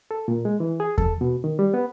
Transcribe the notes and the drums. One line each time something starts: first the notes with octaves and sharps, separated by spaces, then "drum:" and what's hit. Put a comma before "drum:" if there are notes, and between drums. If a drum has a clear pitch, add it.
A4
A#2
G#3
E3
G#4
A4, drum: kick E2
B2
D#3
G3
B3